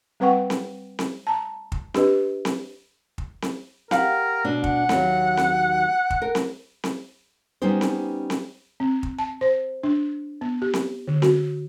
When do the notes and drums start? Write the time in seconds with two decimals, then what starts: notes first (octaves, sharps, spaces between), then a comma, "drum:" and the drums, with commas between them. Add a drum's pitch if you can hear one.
0.20 G3 C4 B4 F#5 G5 C#6
0.50 drum: snare C4
0.99 drum: snare C4
1.27 A5 A#5
1.72 drum: kick
1.94 D4 G4 B4 D#5, drum: snare C4
2.45 drum: snare C4
3.18 drum: kick
3.42 drum: snare C4
3.91 G4 A#4 F5 F#5, drum: snare C4
4.45 B2 D4
4.64 F#5, drum: kick
4.89 D#2 F#3, drum: snare C4
5.37 drum: snare C4
6.10 drum: kick
6.22 A#4
6.35 drum: snare C4
6.84 drum: snare C4
7.62 G3 B3 C#4 D#4 C5
7.81 drum: snare C4
8.30 drum: snare C4
8.80 C4
9.03 drum: kick
9.19 A5
9.41 C5
9.83 D4
10.41 B3
10.62 G4
10.73 drum: snare C4
11.08 D3
11.22 F#4, drum: snare C4